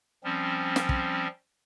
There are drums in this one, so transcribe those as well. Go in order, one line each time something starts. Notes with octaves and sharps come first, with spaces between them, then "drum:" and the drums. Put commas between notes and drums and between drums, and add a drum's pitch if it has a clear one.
F3 G3 C4 C#4
drum: snare
drum: kick